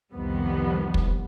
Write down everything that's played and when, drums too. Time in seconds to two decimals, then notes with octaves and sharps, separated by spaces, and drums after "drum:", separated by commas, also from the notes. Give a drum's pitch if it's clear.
0.14 C2 F2 D#3 F3 G3 B3
0.94 drum: kick